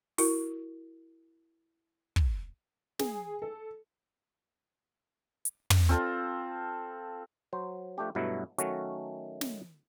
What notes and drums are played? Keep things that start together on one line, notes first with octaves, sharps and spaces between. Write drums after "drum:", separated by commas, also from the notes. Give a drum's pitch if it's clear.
E4 F#4 A#4, drum: open hi-hat
drum: kick
G#4, drum: snare
A4
drum: hi-hat
drum: tom
C4 F4 A4
F#3 C5
F3 A3 D4 G4
G2 B2 F#3 A3 E4
D#3 F#3 A3 C#4 F#4, drum: hi-hat
drum: snare